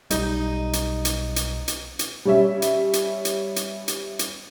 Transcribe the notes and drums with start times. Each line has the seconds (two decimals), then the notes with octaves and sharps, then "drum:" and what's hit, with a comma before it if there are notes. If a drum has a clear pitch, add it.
0.10 B1 G3 D#4, drum: hi-hat
0.73 drum: hi-hat
1.05 drum: hi-hat
1.36 drum: hi-hat
1.68 drum: hi-hat
1.99 drum: hi-hat
2.25 G3 C#4 E5
2.62 drum: hi-hat
2.93 drum: hi-hat
3.25 drum: hi-hat
3.56 drum: hi-hat
3.88 drum: hi-hat
4.19 drum: hi-hat